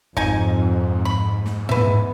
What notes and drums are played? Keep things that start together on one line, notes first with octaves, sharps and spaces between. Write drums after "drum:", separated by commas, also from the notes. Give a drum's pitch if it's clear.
F2 G#2 D#4 G#5, drum: kick G1
B5
drum: snare
E2 B3 B4 E5, drum: tom